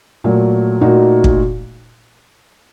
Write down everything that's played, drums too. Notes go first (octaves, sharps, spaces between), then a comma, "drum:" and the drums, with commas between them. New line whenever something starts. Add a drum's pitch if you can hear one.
A#2 F#3 A3
A#2 A3 D#4 F#4
drum: kick